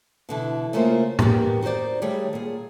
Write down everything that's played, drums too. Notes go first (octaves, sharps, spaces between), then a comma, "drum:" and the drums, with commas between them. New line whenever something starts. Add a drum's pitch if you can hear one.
B2 D3 E3
C#3 A3 A#3 F4 A#4 C5
E2 D#3 A#3 B3 G4, drum: tom
D#4 F#4 G4 C5 D5
D#3 G3 A3 G#4 C#5
A#2 G#4